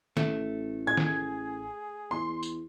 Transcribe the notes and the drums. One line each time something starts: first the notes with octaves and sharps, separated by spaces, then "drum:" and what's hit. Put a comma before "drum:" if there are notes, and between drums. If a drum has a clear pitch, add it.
A1 A3, drum: snare
G#4 G#6
drum: snare
E2 C6
drum: tambourine